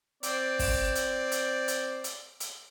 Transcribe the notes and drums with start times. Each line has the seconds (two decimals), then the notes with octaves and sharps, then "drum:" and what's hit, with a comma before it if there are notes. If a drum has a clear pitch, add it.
0.23 C4 D5, drum: hi-hat
0.59 drum: kick, open hi-hat
0.96 drum: hi-hat
1.32 drum: hi-hat
1.68 drum: hi-hat
2.04 drum: hi-hat
2.40 drum: hi-hat